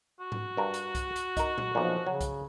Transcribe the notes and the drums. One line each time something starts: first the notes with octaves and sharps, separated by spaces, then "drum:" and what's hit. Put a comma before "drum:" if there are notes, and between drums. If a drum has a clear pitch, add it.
F#4
drum: tom G#2
G2 A#4
drum: hi-hat
drum: kick C2, hi-hat
drum: hi-hat
D#4 A#4, drum: kick C2, hi-hat
drum: tom A#2
B1 A#2 F3
C#3 F#3
drum: kick C2, hi-hat